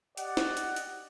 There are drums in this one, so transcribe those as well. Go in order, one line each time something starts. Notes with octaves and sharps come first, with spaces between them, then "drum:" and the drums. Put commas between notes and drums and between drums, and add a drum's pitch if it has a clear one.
G4 D5 D#5 F#5, drum: hi-hat
drum: snare
drum: hi-hat
drum: hi-hat